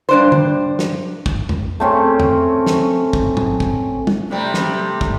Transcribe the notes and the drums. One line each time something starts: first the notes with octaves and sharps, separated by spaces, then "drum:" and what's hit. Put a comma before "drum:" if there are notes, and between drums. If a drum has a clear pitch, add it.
G2 D4 C5
drum: tom
drum: snare
drum: kick
drum: tom
A3 C4 C#4
drum: tom
drum: snare
drum: kick
drum: tom
drum: kick
drum: tom
C3 G3 A3
drum: snare
drum: kick